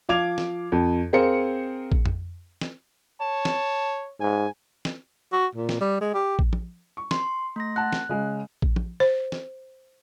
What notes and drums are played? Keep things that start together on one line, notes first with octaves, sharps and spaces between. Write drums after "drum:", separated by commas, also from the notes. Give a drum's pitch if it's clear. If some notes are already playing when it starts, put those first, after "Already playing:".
F3 F5 D6 G#6 F7
drum: snare
F2
C4 G#4 A#4 C5 F5 C#7
drum: kick A1
drum: tom F2
drum: snare
C#5 A5
drum: snare
G#2 G#5
drum: snare
F#4
A#2
drum: snare
G3
G#3
G4
drum: kick A1
drum: tom
C#6
C6, drum: snare
A3 C6 A#6
F#5 A5 F#6
drum: snare
C#3 G#3
drum: kick A1
drum: tom
C5
drum: snare